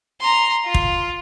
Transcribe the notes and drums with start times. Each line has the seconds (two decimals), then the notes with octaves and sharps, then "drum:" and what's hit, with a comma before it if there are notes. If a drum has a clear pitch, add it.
0.21 A#5 C6
0.65 F4
0.74 drum: kick